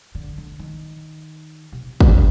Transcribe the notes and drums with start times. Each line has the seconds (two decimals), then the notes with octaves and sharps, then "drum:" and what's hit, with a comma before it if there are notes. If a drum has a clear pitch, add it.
0.15 D3
0.38 D3
0.59 D#3
1.72 C3
2.00 drum: kick